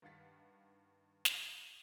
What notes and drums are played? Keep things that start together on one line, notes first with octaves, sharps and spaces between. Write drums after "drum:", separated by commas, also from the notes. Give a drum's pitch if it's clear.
G2 D#3 F5 F#5 A6 B6
drum: snare